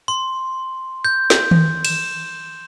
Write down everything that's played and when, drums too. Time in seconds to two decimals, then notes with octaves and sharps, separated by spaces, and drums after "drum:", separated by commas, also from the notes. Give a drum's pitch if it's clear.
0.08 C6
1.05 G6
1.30 drum: snare
1.51 drum: tom D#3
1.85 E7, drum: cymbal